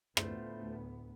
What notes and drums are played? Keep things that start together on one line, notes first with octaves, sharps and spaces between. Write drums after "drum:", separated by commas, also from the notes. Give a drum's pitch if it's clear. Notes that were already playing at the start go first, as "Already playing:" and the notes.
D2 A2 A3 B3 F4 C5, drum: rim click